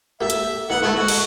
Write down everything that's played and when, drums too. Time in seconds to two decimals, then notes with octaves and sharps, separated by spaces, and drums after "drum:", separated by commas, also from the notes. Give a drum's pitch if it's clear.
0.21 A#3 G4 A4 E5
0.30 drum: hi-hat
0.70 D#3 A#3 B3 F#5
0.83 G#2 A3 G#4 B5
0.95 F#4
1.08 G#3, drum: cymbal